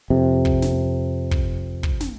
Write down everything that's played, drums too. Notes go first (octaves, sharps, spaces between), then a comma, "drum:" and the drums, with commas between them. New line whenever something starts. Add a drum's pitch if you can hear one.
F2 C3
drum: kick
drum: snare
drum: kick
drum: kick
drum: snare